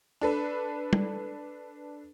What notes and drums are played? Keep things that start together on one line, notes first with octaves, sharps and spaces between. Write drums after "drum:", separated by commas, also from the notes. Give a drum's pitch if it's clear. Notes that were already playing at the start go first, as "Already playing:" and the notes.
D4 A4 B4
drum: tom